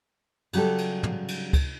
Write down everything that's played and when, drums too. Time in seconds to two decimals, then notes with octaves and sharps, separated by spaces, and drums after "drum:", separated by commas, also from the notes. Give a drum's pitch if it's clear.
0.53 C#3 F#3 G3 G4 A4, drum: cymbal
0.78 drum: cymbal
1.03 drum: tom
1.28 drum: cymbal
1.53 drum: kick, cymbal